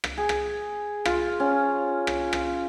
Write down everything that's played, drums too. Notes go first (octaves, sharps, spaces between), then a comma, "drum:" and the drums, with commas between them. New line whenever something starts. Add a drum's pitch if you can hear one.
drum: rim click
G#4
drum: rim click
F4, drum: rim click
C#4
drum: rim click
drum: rim click